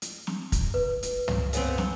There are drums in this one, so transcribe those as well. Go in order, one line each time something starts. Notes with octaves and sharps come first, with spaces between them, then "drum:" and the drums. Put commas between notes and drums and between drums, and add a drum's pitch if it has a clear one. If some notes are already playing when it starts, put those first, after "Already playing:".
drum: hi-hat
drum: snare
drum: kick, hi-hat
B4
drum: hi-hat
drum: tom
C#3 B3 C4, drum: hi-hat
drum: snare